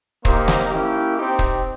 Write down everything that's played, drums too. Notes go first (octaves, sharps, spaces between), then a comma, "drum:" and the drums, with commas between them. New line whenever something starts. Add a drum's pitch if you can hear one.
A#3 D#4 G4 C5, drum: kick
drum: snare
A#3 C#4 E4 G4
C4 D#4 G4
drum: kick